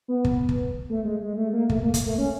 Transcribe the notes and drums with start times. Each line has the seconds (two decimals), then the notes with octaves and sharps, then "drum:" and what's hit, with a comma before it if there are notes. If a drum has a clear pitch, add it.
0.08 B3
0.25 drum: kick
0.49 drum: kick
0.90 A3
1.04 G#3
1.22 G#3
1.37 A3
1.53 A#3
1.70 A3, drum: kick
1.82 A#3
1.94 drum: kick, hi-hat
2.06 A3
2.18 C#4